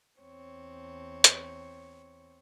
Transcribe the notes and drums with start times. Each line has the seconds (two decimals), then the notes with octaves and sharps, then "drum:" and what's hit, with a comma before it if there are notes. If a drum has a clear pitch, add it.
0.21 E2 C4 C#5
1.24 drum: hi-hat